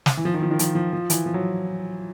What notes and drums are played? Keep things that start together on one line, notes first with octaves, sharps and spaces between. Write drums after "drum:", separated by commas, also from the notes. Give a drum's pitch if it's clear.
drum: snare
E3
F3
D#3
F3
D#3
F3, drum: hi-hat
F3
F3
E3, drum: hi-hat
F3
F#3